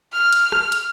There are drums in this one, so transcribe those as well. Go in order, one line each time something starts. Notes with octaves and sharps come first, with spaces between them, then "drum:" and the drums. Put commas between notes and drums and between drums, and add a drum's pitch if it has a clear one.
F6
drum: hi-hat
drum: rim click
drum: hi-hat